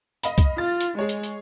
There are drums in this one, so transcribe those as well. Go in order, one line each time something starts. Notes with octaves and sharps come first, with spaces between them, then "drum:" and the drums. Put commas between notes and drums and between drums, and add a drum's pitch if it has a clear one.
D#5 F5 B5, drum: hi-hat
drum: kick, hi-hat
F4 A6
drum: hi-hat
G#3 G#4 C#5
drum: hi-hat
drum: hi-hat